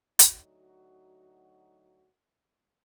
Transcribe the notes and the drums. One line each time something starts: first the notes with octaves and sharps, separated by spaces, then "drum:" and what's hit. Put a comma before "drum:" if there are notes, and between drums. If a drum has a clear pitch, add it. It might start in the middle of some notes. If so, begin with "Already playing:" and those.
D2 F#3 D#4 F#4, drum: hi-hat